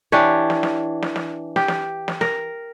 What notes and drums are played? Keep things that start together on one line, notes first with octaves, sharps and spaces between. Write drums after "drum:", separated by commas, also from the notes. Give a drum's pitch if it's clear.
E3 D4 G4 C#5
drum: snare
drum: snare
drum: snare
drum: snare
G4, drum: snare
drum: snare
drum: snare
A#4, drum: snare